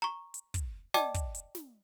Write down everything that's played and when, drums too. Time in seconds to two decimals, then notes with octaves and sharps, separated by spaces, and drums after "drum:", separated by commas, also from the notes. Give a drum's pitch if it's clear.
0.02 A#5 C#6
0.34 drum: hi-hat
0.54 drum: kick, hi-hat
0.94 D5 D#5 G5 A5 D6, drum: snare
1.14 drum: kick, hi-hat
1.35 drum: hi-hat
1.55 drum: snare